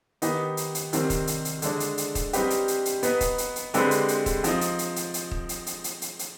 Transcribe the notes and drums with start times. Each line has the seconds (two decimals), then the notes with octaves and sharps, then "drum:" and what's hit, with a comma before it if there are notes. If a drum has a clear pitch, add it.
0.22 D#3 B3 D#4 G4, drum: hi-hat
0.57 drum: hi-hat
0.75 drum: hi-hat
0.93 C3 D#3 G3 C4, drum: hi-hat
1.10 drum: kick, hi-hat
1.27 drum: hi-hat
1.45 drum: hi-hat
1.62 D3 G#3 D4, drum: hi-hat
1.80 drum: hi-hat
1.98 drum: hi-hat
2.15 drum: kick, hi-hat
2.33 G3 C4 D#4 G4 B4, drum: hi-hat
2.50 drum: hi-hat
2.68 drum: hi-hat
2.85 drum: hi-hat
3.03 B3 D#4 B4, drum: hi-hat
3.21 drum: kick, hi-hat
3.38 drum: hi-hat
3.56 drum: hi-hat
3.74 D3 G#3 C4 G4 B4, drum: hi-hat
3.91 drum: hi-hat
4.08 drum: hi-hat
4.26 drum: kick, hi-hat
4.44 F3 C4 D#4, drum: hi-hat
4.61 drum: hi-hat
4.79 drum: hi-hat
4.96 drum: hi-hat
5.14 drum: hi-hat
5.31 drum: kick
5.49 drum: hi-hat
5.67 drum: hi-hat
5.84 drum: hi-hat
6.02 drum: hi-hat
6.19 drum: hi-hat